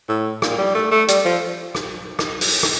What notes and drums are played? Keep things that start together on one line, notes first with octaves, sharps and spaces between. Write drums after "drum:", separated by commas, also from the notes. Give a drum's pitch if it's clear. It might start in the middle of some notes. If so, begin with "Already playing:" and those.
A2
A#2, drum: rim click
G3
A3
A3
G3, drum: hi-hat
F3
drum: rim click
drum: rim click
drum: open hi-hat
drum: rim click